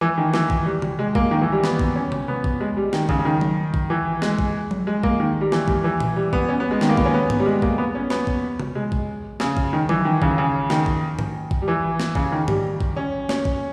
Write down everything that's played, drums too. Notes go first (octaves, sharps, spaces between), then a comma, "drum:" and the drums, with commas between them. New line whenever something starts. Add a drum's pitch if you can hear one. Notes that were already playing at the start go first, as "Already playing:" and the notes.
E3
D#3
E3, drum: snare
drum: kick A#1
G3
drum: tom C3
G#3
A#3, drum: kick A#1
D#3
E3
G3
B3, drum: snare
drum: kick A#1
C#4
drum: tom C3
B3
drum: kick A#1
G#3
G3
D#3, drum: snare
C#3, drum: kick A#1
C#3
D#3
drum: tom F#3
drum: kick A#1
E3
G#3, drum: snare
drum: kick A#1
drum: tom F#3
G#3
A#3, drum: kick A#1
D#3
G3
E3, drum: snare
G3, drum: kick A#1
E3
drum: tom A#2
G3
B3, drum: kick A#1
C#4
B3
G#3
D#3, drum: snare
A#3
B3, drum: kick A#1
C#4
B3
drum: tom G#2
G3
G#3
A#3, drum: kick A#1
B3
C#4
B3, drum: snare
drum: kick A#1
drum: tom C3
G#3
drum: kick A#1
C#3, drum: snare
drum: kick A#1
D#3
E3, drum: tom F#3
D#3
C#3, drum: kick A#1
C#3
D#3, drum: snare
drum: kick A#1
drum: tom G#2
drum: kick A#1
G3
E3
drum: snare
C#3, drum: kick A#1
D#3
G3, drum: tom G#2
drum: kick A#1
C#4
C#4, drum: snare
drum: kick A#1